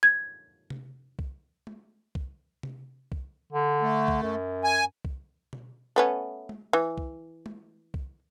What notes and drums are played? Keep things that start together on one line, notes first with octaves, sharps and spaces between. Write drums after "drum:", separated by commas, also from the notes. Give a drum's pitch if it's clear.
G#6
drum: tom C3
drum: kick C2
drum: tom G#3
drum: kick C2
drum: tom C3
drum: kick C2
D3
A3
drum: kick C2
F#2
G#5
drum: kick C2
drum: tom B2
A3 B3 C#4
drum: tom G#3
E3
drum: kick C2
drum: tom G#3
drum: kick C2